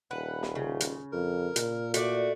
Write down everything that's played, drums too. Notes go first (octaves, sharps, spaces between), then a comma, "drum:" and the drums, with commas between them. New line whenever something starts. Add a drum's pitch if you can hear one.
D#1 B4 F#5
drum: snare
C#3 F4
drum: hi-hat
F2 A#4
A#2, drum: hi-hat
A3 F#4 D5, drum: hi-hat